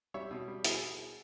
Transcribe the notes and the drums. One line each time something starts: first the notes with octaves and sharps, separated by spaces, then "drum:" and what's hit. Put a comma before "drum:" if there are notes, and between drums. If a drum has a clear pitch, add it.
G3 C#5 E5
B2
G3
B2 E4 G#4, drum: hi-hat